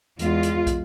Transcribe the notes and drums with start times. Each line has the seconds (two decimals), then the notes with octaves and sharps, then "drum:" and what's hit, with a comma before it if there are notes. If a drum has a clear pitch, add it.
0.19 E2 G#3 F4, drum: hi-hat
0.43 drum: hi-hat
0.67 drum: kick, hi-hat